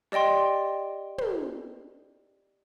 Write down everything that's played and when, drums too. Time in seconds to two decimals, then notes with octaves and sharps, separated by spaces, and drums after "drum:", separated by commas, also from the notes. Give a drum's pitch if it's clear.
0.12 G4 D5 D#5 G5 C6, drum: snare
1.18 drum: tom